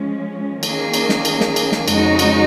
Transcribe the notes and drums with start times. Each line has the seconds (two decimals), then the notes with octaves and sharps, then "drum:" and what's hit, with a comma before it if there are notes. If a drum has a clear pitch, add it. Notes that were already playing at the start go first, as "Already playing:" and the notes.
Already playing: F3 G#3 C#4
0.63 D#3 A#3 C#4 G#4, drum: cymbal
0.94 drum: cymbal
1.09 drum: snare
1.25 drum: cymbal
1.41 drum: snare
1.56 drum: cymbal
1.72 drum: snare
1.88 F2 C#3 G#3 D#4 F#4, drum: cymbal
2.19 drum: cymbal